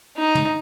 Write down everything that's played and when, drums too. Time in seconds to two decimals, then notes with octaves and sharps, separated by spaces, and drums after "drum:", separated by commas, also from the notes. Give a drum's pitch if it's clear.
0.17 D#4
0.35 drum: tom